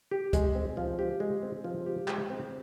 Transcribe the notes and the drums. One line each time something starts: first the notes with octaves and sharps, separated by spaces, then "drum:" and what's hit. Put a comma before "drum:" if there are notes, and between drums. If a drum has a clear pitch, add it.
G4
G#3, drum: kick C#2, hi-hat
C4
F3
G4
G#3
C4
F3
G4
G#3, drum: clap
C4